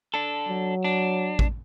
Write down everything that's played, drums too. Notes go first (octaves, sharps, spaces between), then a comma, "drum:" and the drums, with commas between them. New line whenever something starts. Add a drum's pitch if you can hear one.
D4 A4
F#3
D4
drum: kick